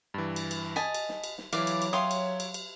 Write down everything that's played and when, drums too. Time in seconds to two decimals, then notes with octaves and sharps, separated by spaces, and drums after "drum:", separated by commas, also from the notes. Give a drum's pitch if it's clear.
0.14 G2 E3
0.36 drum: cymbal
0.51 drum: cymbal
0.76 D#5 G#5 A5 B6
0.94 drum: cymbal
1.09 drum: snare
1.24 drum: cymbal
1.38 drum: snare
1.53 E3 F#3 E4 D5 F5, drum: cymbal
1.67 drum: cymbal
1.82 drum: cymbal
1.93 C#5 E5 F5 G5 C6 D#6
2.11 drum: cymbal
2.40 drum: cymbal
2.54 drum: cymbal